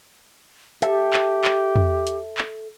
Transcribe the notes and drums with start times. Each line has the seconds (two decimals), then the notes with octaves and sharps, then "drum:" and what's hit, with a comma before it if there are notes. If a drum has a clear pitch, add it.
0.82 G4 A4 E5, drum: hi-hat
1.13 drum: clap
1.44 drum: clap
1.76 drum: tom
2.07 drum: hi-hat
2.38 drum: clap